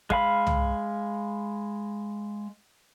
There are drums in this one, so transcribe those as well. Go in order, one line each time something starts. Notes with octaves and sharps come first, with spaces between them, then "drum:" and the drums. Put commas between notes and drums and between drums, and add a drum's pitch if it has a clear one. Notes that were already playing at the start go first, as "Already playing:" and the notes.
G#3 F5 B5, drum: kick
drum: tom C2